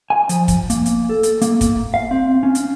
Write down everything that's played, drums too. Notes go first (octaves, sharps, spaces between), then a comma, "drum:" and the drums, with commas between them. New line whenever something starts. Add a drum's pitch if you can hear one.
G#5
F3, drum: hi-hat
drum: kick, hi-hat
A#3, drum: hi-hat
drum: hi-hat
A4
drum: hi-hat
A#3, drum: hi-hat
drum: kick, hi-hat
F5
C4
C#4
drum: hi-hat